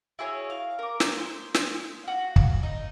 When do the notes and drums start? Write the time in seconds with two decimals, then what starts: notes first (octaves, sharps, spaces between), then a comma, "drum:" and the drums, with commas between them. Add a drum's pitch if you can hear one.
0.19 E4 F#4 G#4 C#5
0.50 F5
0.79 A#4 D6
1.00 drum: snare
1.18 C5
1.54 drum: snare
2.03 F#4 F5
2.36 drum: kick
2.63 D#4